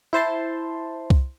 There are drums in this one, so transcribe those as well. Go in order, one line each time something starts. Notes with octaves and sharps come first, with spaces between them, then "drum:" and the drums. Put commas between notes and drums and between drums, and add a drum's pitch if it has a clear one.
E4 C5 A5 C6
drum: kick C2